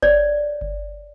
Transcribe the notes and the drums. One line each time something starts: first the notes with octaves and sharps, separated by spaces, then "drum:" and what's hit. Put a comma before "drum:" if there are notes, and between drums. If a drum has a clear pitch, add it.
C#5 D5, drum: kick G1
drum: kick G1